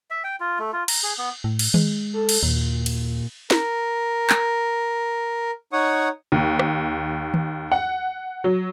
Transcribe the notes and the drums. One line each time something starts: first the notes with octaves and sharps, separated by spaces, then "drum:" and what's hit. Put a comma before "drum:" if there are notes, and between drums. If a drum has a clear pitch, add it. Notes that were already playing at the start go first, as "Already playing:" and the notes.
E5
G5
F4
A3
F4
A#5, drum: cymbal
G#4
B3
A2
drum: cymbal
G#3, drum: tom D#3
A4
drum: cymbal
D#2 A#2
drum: cymbal
A#4, drum: snare
drum: clap
D#4 C#5 F#5 C#6 D#6
D#2
drum: rim click
drum: tom D#3
F#5
F#3